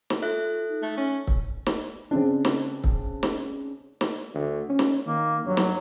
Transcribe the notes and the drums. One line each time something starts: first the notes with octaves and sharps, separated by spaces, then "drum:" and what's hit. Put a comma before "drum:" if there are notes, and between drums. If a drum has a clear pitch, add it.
drum: snare
F4 A4 E5 F#6
D#4
A3
C#4
drum: kick
drum: snare
C#3 C4 D4
drum: snare
drum: kick
drum: snare
drum: snare
D2
C#4
drum: snare
D#3 A#3
G2 F#3
drum: snare